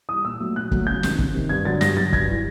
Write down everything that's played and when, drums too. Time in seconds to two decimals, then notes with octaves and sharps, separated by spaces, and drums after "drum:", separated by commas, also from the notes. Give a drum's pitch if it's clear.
0.09 E3 G3 D#6
0.25 A#2 E6
0.40 F#3 A3
0.56 A#2 F#6
0.71 F#3 A3, drum: kick
0.87 C#2 G6
1.03 C3 D#3, drum: snare
1.19 C#2, drum: kick
1.34 C3 D#3
1.49 G2 G#6
1.65 D3 F#3 A6
1.81 G2 A#6, drum: snare
1.97 D3 F#3 A6
2.13 G2 G#6, drum: kick
2.28 E3 G3